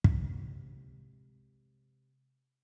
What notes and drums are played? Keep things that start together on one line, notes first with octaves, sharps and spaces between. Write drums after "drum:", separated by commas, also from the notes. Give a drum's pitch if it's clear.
C3 G#3, drum: kick